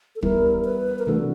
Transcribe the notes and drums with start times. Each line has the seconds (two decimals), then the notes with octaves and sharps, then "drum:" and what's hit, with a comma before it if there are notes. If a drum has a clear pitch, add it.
0.16 A4
0.23 G3 B3 E4 A#4, drum: kick
0.65 B4
0.99 A#4
1.06 C3 E3 A3 D4 F#4 A4